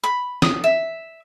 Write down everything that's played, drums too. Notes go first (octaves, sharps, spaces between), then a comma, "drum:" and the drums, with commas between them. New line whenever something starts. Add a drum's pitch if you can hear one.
B5
D#6, drum: snare
E5